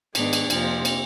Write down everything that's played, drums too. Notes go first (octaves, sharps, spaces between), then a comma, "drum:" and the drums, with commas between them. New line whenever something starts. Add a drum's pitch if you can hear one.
G#2 D#3 G#3 B3 D4, drum: cymbal
drum: cymbal
F2 C3 F3 A#3, drum: cymbal
drum: cymbal